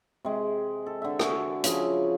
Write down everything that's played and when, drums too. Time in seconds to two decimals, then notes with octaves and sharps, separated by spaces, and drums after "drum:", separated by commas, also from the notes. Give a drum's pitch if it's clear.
0.25 C3 G#3
0.86 A4
1.02 D3 E5
1.19 F#4 G#5, drum: rim click
1.64 C#3 F3 E4 G#4, drum: hi-hat